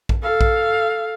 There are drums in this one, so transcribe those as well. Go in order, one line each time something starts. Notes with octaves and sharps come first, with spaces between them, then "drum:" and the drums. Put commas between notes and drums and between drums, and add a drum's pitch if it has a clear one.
drum: kick A#1
A4 F5
drum: kick A#1